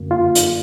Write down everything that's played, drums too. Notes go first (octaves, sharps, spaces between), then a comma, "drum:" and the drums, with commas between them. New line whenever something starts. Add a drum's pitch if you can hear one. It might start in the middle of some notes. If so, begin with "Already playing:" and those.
Already playing: F#2 D3 F#3 A#3
F4
drum: hi-hat